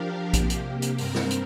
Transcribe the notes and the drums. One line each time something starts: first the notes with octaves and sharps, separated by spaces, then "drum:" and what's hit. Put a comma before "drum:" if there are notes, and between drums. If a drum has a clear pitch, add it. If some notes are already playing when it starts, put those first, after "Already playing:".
Already playing: F3 D4 G4 A#4 F5
C3 A#3 G4, drum: kick A#1, hi-hat
drum: hi-hat
drum: hi-hat
G2 G3 C4 A#4, drum: open hi-hat
drum: snare
drum: hi-hat